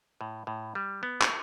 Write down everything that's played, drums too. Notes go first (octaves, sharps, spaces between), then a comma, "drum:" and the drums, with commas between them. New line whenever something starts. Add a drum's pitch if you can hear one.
A2
A2
G3
B3
drum: clap